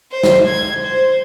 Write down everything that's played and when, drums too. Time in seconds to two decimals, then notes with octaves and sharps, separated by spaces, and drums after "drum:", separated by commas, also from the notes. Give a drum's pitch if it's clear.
0.12 C5
0.23 drum: snare
0.46 G#6
0.83 C5